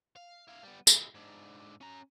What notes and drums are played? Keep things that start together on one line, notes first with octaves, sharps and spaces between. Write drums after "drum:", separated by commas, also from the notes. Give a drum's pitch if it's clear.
F5
E4 F5
G3 B3
G#3 E4, drum: tambourine
G#2 D3
C#4 A#5